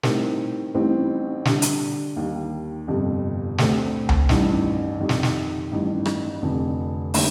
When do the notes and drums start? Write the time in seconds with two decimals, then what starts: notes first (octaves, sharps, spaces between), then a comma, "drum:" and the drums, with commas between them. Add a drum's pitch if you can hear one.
0.03 A2 G3 C4 D#4 A#4, drum: snare
0.74 A1 A2 G3 C4 D#4
1.45 D3 G3 D4, drum: snare
1.62 drum: hi-hat
2.16 D#2 D#3 G3
2.87 G1 F2 C3 G3
3.58 D2 D3 A3 C4, drum: snare
4.09 drum: tom C#2
4.29 A1 G2 D#3, drum: snare
5.00 F2 D#3 G3
5.09 drum: snare
5.23 drum: snare
5.71 A1 G2 D#3
6.06 drum: rim click
6.42 F1 F2 D3
7.14 D3 G3 A#3 D#4 G4, drum: open hi-hat